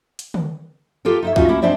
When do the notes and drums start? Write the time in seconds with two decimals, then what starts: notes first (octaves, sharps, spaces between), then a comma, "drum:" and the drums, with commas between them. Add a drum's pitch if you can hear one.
0.19 drum: hi-hat
0.34 drum: tom
1.05 F4 G4 A4 A#4
1.22 D#4 E4 E5
1.36 C#4 D#4 F4 F#4 D#5 E5, drum: kick C2
1.48 A#3 C#4 E4
1.62 G#3 C4 D4 C5 D5 E5